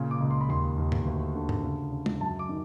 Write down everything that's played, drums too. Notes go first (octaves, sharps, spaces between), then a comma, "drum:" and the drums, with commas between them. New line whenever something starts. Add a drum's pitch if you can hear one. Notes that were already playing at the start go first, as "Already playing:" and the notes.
Already playing: A#2 C#3
D6
C#2
C6
B5
D#2 C6
D#2
drum: tom G2
D2
D3
drum: tom G2
C#3
C#3
drum: tom G#3
F#2 A5
D6
D#3